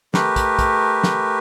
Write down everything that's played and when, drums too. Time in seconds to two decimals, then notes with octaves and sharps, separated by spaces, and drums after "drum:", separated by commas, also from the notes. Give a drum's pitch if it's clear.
0.14 A3 G4 A#4 B4, drum: snare
0.36 drum: kick, hi-hat
0.59 drum: kick, hi-hat
1.04 drum: snare